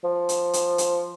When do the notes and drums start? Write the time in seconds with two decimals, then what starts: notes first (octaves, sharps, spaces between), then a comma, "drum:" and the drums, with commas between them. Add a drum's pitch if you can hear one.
0.04 F3
0.29 drum: hi-hat
0.53 drum: hi-hat
0.78 drum: hi-hat